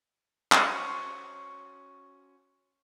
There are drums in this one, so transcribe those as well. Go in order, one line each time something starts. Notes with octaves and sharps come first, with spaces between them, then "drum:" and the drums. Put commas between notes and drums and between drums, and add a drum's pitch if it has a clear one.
C#4 F#4 C5, drum: clap